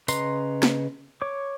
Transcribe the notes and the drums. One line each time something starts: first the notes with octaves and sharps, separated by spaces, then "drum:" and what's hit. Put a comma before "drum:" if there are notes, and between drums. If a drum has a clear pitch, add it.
C#3 B4 D#5 A#5 C6, drum: tambourine
drum: snare
C#5 D6